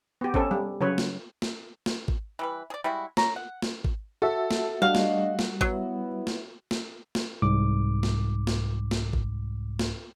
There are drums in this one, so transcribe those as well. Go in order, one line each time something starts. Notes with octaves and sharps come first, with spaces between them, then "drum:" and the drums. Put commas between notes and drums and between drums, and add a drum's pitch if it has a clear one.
B3 G4
C4 C#4 A4, drum: kick G#1
G3
C#3 F#3 B4 C#5
drum: snare
drum: snare
drum: snare
drum: kick G#1
E3 G3 B4
G#4 D5
G3 G#3 E4 F#4
C#5 A#5, drum: snare
F#5
drum: snare
drum: kick G#1
F#4 A4 E5
drum: snare
G3 A3 D4 F#4 D#5 F5
drum: snare
drum: snare
F#3 B3 E4, drum: kick G#1
drum: snare
drum: snare
drum: snare
C2 G#2 D6
drum: snare
drum: snare
drum: snare
drum: kick G#1
drum: snare